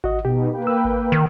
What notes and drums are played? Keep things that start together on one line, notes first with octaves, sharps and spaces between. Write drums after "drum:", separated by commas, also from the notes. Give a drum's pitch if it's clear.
F#4 D#5, drum: kick G#1
B2 D#4 G4
A#3 B4 G5
E6
drum: kick G#1
D#3